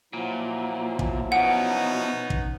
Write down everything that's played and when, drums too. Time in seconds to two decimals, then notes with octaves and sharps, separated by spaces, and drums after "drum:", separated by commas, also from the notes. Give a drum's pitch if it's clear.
0.13 A#2 F3 F#3 E4
0.99 drum: kick
1.32 B2 B3 C#4 D#4 F#5
2.30 drum: kick